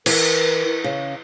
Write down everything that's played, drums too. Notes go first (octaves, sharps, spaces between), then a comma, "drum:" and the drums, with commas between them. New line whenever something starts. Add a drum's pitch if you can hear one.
E3 A#4, drum: cymbal
C#3